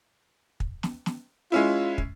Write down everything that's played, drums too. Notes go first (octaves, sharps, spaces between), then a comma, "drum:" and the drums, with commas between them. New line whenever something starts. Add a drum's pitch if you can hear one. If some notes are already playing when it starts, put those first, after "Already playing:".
drum: kick
drum: snare
drum: snare
G#3 C#4 E4 F4
drum: kick